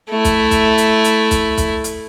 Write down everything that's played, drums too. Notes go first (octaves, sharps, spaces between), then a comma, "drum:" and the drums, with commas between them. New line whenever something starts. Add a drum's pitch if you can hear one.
A3 E4
drum: kick, hi-hat
drum: kick, hi-hat
drum: hi-hat
drum: hi-hat
drum: kick, hi-hat
drum: kick, hi-hat
drum: hi-hat